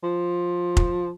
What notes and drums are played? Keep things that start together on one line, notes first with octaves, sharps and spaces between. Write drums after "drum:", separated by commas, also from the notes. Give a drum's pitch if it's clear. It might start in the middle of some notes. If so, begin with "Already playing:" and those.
F3
drum: kick F1